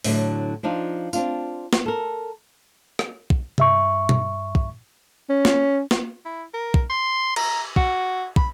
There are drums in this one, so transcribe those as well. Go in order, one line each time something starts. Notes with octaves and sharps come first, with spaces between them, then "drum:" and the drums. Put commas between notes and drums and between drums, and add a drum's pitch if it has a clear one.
A2 D3 F#3 D4, drum: open hi-hat
F3 D4 D#4 F4
C4 D4 F4, drum: tambourine
drum: snare
A4 A#4
drum: rim click
drum: kick
G2 E5 C#6, drum: tom C3
drum: tom
drum: kick
C#4
drum: snare
drum: snare
E4
A#4
drum: kick
C6
A#5, drum: cymbal
F#4, drum: kick
B5, drum: kick